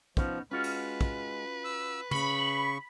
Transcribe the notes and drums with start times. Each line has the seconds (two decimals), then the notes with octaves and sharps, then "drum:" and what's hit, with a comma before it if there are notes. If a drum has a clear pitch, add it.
0.17 F3 B3 C#4 D#4, drum: kick
0.51 G#3 C#4 F4 F#4 B4
0.64 drum: cymbal
1.01 drum: kick
1.65 E6
2.11 C#3 B5 C#6, drum: tom